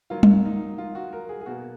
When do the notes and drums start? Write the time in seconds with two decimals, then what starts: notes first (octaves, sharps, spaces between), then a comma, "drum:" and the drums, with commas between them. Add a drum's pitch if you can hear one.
0.10 D#3 F#3 A#3 F4
0.23 drum: tom
0.45 D#4
0.78 F4
0.95 F#4
1.13 A#4
1.29 G#4
1.41 G#4
1.46 B2 A#3 F#4